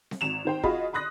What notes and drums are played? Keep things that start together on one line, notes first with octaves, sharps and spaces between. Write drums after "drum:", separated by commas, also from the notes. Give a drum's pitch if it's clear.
drum: snare C4
G#1 E7 F7
D#3 C5 G5
F4 F#4 G#4 D#5 B5, drum: kick
B5 C6 D#6 F#6 A#6